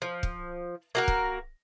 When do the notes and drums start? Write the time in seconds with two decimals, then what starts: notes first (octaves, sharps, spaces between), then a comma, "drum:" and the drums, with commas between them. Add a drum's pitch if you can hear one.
0.02 F3
0.23 drum: kick
0.95 A#3 F#4 A#4
1.08 drum: kick